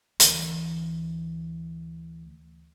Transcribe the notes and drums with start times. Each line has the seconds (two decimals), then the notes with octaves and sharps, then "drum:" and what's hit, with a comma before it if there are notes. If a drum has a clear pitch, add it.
0.20 D2 E3, drum: hi-hat